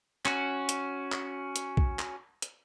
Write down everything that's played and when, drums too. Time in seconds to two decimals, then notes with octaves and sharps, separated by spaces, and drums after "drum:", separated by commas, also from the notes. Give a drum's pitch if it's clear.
0.25 C#4 F#4, drum: clap
0.69 drum: hi-hat
1.12 drum: clap
1.56 drum: hi-hat
1.77 drum: kick
1.99 drum: clap
2.42 drum: hi-hat